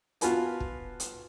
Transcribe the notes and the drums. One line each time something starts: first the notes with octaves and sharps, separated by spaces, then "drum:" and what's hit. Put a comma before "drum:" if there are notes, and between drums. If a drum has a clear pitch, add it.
B3 F4 F#4 B4 G#5 A5, drum: hi-hat
drum: kick
drum: hi-hat